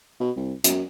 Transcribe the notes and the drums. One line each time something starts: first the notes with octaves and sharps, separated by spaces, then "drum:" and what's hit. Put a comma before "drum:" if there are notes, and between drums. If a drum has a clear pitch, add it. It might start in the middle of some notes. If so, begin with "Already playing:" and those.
B2
C2
F#2, drum: hi-hat